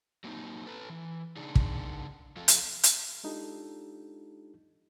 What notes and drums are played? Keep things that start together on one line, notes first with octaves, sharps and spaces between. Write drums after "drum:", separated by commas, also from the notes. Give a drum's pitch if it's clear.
F#3 A#3 C4 C#4 D#4
A4 B4
E3
C#3 D4 D#4 G#4
drum: kick
F3 A3 F4 A4 F5
drum: hi-hat
drum: hi-hat
G#3 D4 D#4 F4 G4 A4